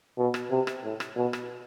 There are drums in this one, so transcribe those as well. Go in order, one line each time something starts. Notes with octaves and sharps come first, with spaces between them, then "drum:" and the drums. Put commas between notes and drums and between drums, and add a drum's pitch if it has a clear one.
B2
drum: rim click
C3
drum: rim click
A2
drum: rim click
B2
drum: rim click